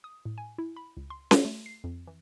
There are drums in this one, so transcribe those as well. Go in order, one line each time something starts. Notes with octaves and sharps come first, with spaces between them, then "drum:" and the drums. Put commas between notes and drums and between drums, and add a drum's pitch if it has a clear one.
D#6
A2
G#5
E4
B5
C#2
C6
F#4, drum: snare C#4
A3
C7
F2
E3